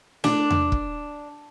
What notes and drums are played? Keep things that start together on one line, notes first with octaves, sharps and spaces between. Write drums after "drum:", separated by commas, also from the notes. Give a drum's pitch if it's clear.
D4, drum: snare
drum: tom E2
drum: kick